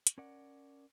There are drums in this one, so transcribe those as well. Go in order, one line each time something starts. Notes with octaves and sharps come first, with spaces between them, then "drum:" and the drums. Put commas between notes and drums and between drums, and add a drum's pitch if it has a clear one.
drum: hi-hat
C#4 A#4 D5 F#5